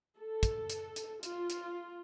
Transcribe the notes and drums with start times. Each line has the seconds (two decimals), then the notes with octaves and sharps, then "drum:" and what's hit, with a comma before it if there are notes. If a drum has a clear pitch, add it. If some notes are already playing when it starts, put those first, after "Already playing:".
0.18 A4
0.43 drum: kick, hi-hat
0.70 drum: hi-hat
0.96 drum: hi-hat
1.23 F4, drum: hi-hat
1.50 drum: hi-hat